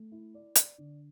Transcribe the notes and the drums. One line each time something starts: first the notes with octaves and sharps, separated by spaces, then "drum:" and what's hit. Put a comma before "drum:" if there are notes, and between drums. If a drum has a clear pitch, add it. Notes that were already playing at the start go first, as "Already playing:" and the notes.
Already playing: A3
E4
D5
D5, drum: hi-hat
D3